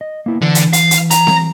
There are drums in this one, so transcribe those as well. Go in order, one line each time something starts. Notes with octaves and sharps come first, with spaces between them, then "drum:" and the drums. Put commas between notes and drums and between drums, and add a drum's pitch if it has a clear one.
D#5
A#3 B3 E4
D3 E3
drum: hi-hat
F5, drum: hi-hat
drum: hi-hat
A#5, drum: hi-hat
drum: snare C4